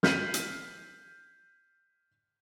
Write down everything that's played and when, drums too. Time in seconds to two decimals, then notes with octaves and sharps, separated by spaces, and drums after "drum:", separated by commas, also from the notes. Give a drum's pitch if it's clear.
0.03 F6 G6 B6 C7 D#7 F#7, drum: snare
0.34 drum: hi-hat